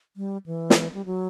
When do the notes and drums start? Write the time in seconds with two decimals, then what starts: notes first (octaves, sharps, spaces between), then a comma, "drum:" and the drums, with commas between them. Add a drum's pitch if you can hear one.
0.17 G3
0.46 E3
0.70 drum: snare
0.94 G3
1.06 F#3